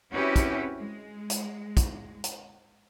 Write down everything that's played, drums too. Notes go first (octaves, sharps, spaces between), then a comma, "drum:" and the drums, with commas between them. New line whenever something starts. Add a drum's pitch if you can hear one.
C4 C#4 E4 F#4 G4 B4
drum: kick, hi-hat
G#3
drum: hi-hat
drum: kick, hi-hat
drum: hi-hat